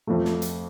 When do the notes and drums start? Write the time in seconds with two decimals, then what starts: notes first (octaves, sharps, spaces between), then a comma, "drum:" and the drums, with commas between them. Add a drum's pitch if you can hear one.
0.07 F2 F3 A3
0.25 drum: snare
0.42 drum: hi-hat